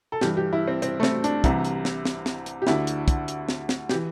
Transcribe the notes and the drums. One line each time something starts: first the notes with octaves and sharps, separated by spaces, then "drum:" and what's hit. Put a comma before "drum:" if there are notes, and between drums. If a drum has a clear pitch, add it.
A4
G2 E3 G4, drum: snare
G4
E4
C4
C4, drum: hi-hat
A3
C4, drum: snare
D4, drum: hi-hat
C2 C3 E3 E4, drum: kick, hi-hat
drum: hi-hat
drum: snare
drum: snare
drum: snare
drum: hi-hat
G4
D2 D3 E4, drum: snare
drum: hi-hat
drum: kick, hi-hat
drum: hi-hat
drum: snare
drum: snare
G4, drum: snare
E3